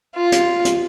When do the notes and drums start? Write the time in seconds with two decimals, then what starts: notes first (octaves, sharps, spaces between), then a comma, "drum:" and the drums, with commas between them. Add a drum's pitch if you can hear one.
0.16 F4
0.32 drum: hi-hat
0.65 drum: hi-hat